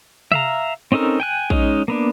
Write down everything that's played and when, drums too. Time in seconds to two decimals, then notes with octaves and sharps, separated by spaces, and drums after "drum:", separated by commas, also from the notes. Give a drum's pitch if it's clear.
0.32 E5 F5 A#5, drum: tom C3
0.92 C4 C#4 D#4 A4 A#4
1.20 G5 G#5 F#6
1.50 G#3 C#4 D#4, drum: kick A#1
1.88 A#3 B3 D4